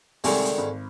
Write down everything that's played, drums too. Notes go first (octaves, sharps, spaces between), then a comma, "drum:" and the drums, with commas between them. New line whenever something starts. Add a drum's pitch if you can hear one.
C2 D3 D#3 G#3 G#5 C#6, drum: open hi-hat
drum: hi-hat
G#1